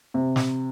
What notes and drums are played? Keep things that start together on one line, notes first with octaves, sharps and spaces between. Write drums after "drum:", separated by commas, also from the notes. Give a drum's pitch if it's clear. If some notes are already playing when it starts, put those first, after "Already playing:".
C3
drum: snare